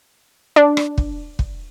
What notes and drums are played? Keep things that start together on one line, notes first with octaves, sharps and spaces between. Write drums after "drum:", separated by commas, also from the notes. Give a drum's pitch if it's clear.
D4
drum: rim click
drum: kick
drum: kick